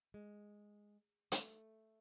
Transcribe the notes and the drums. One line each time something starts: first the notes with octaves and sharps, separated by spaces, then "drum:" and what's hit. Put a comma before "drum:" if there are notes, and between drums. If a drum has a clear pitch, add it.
G#3
A3, drum: hi-hat